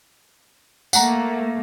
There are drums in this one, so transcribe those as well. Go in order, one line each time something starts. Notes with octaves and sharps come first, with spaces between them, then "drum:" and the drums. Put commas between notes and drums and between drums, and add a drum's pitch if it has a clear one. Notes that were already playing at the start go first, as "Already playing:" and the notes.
A3 A#3 F#5 A#5, drum: tambourine